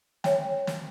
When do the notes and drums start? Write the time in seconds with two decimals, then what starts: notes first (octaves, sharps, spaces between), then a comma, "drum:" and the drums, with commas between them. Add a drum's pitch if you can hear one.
0.24 C#5 E5 G5, drum: snare
0.67 drum: snare